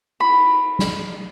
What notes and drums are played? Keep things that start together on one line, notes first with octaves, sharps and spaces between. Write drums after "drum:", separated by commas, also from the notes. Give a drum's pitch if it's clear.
B5, drum: cymbal
drum: snare